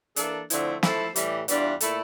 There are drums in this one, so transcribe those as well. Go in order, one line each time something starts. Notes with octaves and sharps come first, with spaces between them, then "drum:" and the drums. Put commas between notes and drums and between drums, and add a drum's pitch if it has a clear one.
E3 A#3 D4 A4, drum: hi-hat
D3 F3 A3 C4 E4, drum: hi-hat
F3 A3 E4 A4 C5, drum: snare
A2 E3 G3, drum: hi-hat
E2 E3 G3 D4 F4, drum: hi-hat
A#2 A3 E4 A4, drum: hi-hat